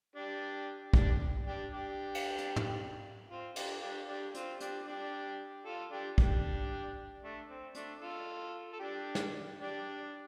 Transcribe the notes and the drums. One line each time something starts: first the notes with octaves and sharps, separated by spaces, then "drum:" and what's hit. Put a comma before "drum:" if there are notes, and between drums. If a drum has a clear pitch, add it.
D4 G4
D4 G4, drum: kick
D4 G4
D4 G4
drum: cymbal
drum: hi-hat
drum: tom
C4 F4
D4 G4, drum: cymbal
D4 G4
D4 G4
C4 F4, drum: hi-hat
D4 G4, drum: hi-hat
D4 G4
F4 A4
D4 G4
D4 G4, drum: kick
A3 D4
C4
A3 D4, drum: hi-hat
F4 A4
A4
D4 G4
drum: snare
D4 G4